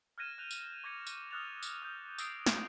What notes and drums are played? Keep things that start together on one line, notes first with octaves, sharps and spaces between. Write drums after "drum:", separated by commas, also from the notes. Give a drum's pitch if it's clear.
F6 F#6 G#6 A#6 D#7 E7
F#6 G6 F7
drum: tambourine
C#6 D6 G#6 A#6 C#7 F7
drum: tambourine
D#6 F6 F#6 A6 F7
drum: tambourine
D#6 F6 G6
D#6 E6 A#6 C7 D7, drum: tambourine
drum: snare